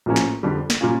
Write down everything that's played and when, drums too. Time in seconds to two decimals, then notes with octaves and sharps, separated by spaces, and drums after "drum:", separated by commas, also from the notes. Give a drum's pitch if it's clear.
0.06 A#1 A2 F3 A#3 C#4
0.16 drum: snare
0.43 F2 D3 G3
0.70 drum: snare
0.81 A#2 G3 A#3 C#4 F4